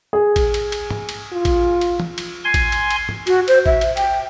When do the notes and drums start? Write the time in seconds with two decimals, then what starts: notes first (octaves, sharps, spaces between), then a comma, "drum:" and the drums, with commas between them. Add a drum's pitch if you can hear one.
0.13 G#4
0.36 drum: kick A1, cymbal
0.54 drum: cymbal
0.72 drum: cymbal
0.90 drum: tom
1.09 drum: cymbal
1.32 F4
1.45 drum: kick A1, cymbal
1.81 drum: cymbal
2.00 drum: tom
2.18 drum: cymbal
2.45 G#5 C6
2.54 drum: kick A1, cymbal
2.72 drum: cymbal
2.90 drum: cymbal
3.09 drum: tom
3.27 F#4, drum: cymbal
3.48 C5, drum: cymbal
3.66 E5, drum: kick A1
3.81 drum: cymbal
3.97 G5, drum: cymbal